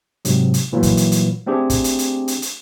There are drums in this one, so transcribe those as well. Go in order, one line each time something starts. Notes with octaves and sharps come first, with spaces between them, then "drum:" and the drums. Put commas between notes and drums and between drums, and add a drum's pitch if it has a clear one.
G#2 C3 F#3, drum: hi-hat
drum: hi-hat
A#2 E3 F#3 G3 A#3 F4
drum: kick, hi-hat
drum: hi-hat
drum: hi-hat
A3 C4 D4 G4 G#4
drum: kick, hi-hat
drum: hi-hat
drum: hi-hat
drum: hi-hat
drum: hi-hat